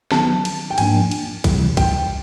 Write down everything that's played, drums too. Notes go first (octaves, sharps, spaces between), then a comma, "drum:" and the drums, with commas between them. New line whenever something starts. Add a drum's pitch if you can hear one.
D#3 F#3 B3 A5, drum: snare
drum: cymbal
G5
G#2 F3 A#3 D4 G#5, drum: cymbal
drum: cymbal
C3 E3 G3, drum: kick, cymbal
G5, drum: kick, cymbal